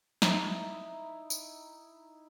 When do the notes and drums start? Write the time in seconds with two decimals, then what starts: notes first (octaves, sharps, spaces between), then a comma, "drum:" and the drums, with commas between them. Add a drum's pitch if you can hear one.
0.22 D#4 E4, drum: snare
1.30 drum: tambourine